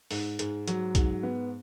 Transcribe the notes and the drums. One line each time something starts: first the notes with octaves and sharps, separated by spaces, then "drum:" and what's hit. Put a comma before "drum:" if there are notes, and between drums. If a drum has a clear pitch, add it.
G#2, drum: open hi-hat
G#2, drum: hi-hat
F#3, drum: hi-hat
G#2, drum: kick B1, hi-hat
B3